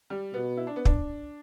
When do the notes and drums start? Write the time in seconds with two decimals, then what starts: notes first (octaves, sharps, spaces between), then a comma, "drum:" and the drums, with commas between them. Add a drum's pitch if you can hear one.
0.10 G3
0.34 B2 B3
0.57 E4
0.67 D4
0.76 B3
0.85 D4, drum: kick